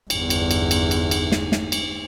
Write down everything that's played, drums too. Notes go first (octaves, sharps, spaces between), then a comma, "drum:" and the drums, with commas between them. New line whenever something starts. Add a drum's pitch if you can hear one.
G1 E2, drum: cymbal
drum: cymbal
drum: cymbal
drum: cymbal
drum: cymbal
drum: cymbal
drum: snare
drum: snare
drum: cymbal